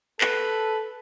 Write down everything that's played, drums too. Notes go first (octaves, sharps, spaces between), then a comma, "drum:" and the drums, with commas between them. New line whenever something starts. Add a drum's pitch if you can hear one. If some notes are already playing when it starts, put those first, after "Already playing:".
A4 B4, drum: clap